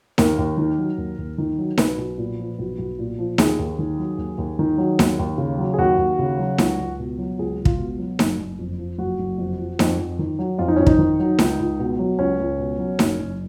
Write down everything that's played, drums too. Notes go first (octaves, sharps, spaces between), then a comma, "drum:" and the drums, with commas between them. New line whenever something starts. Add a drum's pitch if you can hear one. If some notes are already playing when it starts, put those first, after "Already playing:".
D#2 A#4, drum: snare D#4
D#2
D#3
F#3
D#2
D#2
D#3
F#3
B1 B4, drum: snare D#4
B1
A#2
F3
B1
B1
A#2
F3
D#2 G#4, drum: snare D#4
D#2
D#3
F#3
D#2
D#2
D#3
F#3
D#2, drum: snare D#4
D#2
C#3
F#3
G#4
D#2 F#4
D#2
C#3
F#3
C#2, drum: snare D#4
C#2
B2
F#3
C#2 G#4
C#2
F4, drum: kick
B2
F#3
F#1, drum: snare D#4
F#1
F2
F3
F#1 F#4
F#1
F2
F3
F2, drum: snare D#4
F2
D#3
F#3
F2 F4
D#4
F2 C#4
D#4, drum: kick
D#3
F#3
C#2, drum: snare D#4
C#2
B2
F#3
C#2 C#4
C#2
B2
F#3
F#1, drum: snare D#4
F#1